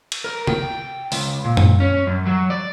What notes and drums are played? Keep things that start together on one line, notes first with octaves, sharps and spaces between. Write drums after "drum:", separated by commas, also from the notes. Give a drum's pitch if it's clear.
drum: cymbal
A#4
G5, drum: tom C3
C#2, drum: open hi-hat
A#2
drum: tom F#2
C#4
F#2
F#3
D5